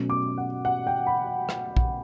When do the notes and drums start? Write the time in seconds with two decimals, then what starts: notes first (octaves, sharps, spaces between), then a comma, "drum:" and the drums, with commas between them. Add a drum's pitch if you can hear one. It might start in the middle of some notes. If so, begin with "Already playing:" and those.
Already playing: B2 F#3 A3 C#4
0.10 D6
0.38 F#5
0.65 F#5
0.87 G5
1.07 B5
1.49 drum: rim click
1.77 drum: kick A#1